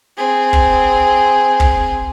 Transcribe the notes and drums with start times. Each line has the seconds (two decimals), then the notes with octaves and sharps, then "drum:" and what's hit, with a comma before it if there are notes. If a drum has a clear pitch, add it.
0.17 C4 G#4
0.53 drum: kick
1.60 drum: kick